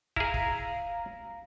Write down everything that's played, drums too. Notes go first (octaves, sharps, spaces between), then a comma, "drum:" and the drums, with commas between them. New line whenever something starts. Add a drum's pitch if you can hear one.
E4 G#4 F5 A#5, drum: kick
drum: kick